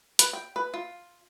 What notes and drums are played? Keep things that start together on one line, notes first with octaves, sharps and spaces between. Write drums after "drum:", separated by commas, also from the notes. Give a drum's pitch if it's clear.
B4, drum: hi-hat
G5
B4
F4